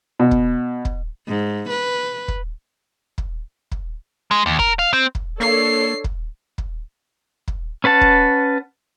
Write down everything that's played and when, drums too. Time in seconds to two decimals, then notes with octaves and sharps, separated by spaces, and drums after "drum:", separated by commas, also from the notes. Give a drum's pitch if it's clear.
0.19 B2
0.31 drum: kick
0.85 drum: kick
1.27 G#2
1.69 B4
2.28 drum: kick
3.18 drum: kick
3.72 drum: kick
4.31 G#3
4.46 D#2
4.59 A#4, drum: kick
4.79 F5
4.93 C4
5.15 drum: kick
5.40 A#3 D4 A4 C#5 C7
6.04 drum: kick
6.58 drum: kick
7.48 drum: kick
7.84 C#4 B4 F#5 A5
8.01 drum: kick